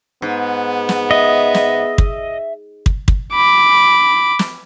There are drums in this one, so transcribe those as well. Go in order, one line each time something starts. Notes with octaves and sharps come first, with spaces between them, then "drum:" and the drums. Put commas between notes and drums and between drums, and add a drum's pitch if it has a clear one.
G#2 B3
drum: snare
D#5 E5
drum: snare
drum: kick
drum: kick
drum: kick
B5 D6
drum: snare